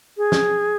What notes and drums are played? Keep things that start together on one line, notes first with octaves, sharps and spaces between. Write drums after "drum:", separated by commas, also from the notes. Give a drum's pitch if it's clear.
G#4
drum: snare